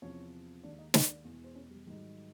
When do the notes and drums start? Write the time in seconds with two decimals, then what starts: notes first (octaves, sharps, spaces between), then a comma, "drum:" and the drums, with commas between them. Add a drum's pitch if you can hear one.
0.02 E2 C3 F3 C#4 C#5
0.63 D#2 D#3 G#3 D4 D5
0.79 D#4 D#5
0.94 D4 D5, drum: snare
1.25 E2 B2 G#3
1.44 C5
1.55 C#4 C#5
1.71 G3 G4
1.86 G#2 D#3 F#3 G3 G4